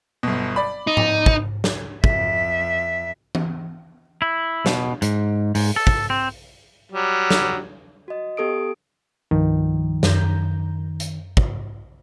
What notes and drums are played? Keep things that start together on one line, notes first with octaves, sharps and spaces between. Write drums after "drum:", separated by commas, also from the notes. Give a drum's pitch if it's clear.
G1 B2
D5 B5
D#4
drum: tom G#2
drum: kick
drum: snare
F2 E5, drum: kick
drum: tom E3
E4
B2, drum: snare
G#2, drum: hi-hat
G#2, drum: open hi-hat
A4
drum: kick
C4
F#3 G3
drum: snare
F#4 D#5
B3 G4 A4 D#6 D7
C2 G2 D#3 F3
F#2 A#5 G6, drum: snare
drum: hi-hat
drum: kick